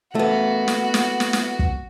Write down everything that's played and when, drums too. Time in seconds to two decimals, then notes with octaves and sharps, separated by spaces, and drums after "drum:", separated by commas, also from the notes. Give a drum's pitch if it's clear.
0.15 A3 B3 F#4
0.68 drum: snare
0.94 drum: snare
1.20 drum: snare
1.33 drum: snare
1.59 drum: kick